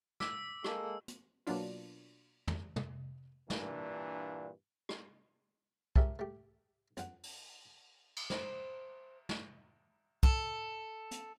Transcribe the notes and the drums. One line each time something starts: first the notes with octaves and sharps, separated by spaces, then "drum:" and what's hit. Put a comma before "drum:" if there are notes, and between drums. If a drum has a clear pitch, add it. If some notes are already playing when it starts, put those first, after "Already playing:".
D6 E6 B6, drum: snare
G#3 A#3 A4, drum: rim click
drum: hi-hat
B2 F#3 A#3 B3 D4 F4, drum: open hi-hat
drum: tom
drum: tom
G2 A#2 E3 A#3 D4, drum: snare
drum: rim click
C#2 G4 A#4 E5 G#5 A5, drum: kick
A3 G4
F2 F#5, drum: hi-hat
drum: open hi-hat
drum: cymbal
C5, drum: snare
drum: snare
A4, drum: kick
drum: hi-hat